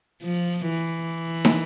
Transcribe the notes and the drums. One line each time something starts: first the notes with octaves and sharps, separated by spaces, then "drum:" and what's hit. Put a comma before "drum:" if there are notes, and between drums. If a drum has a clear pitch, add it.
F3
E3
drum: snare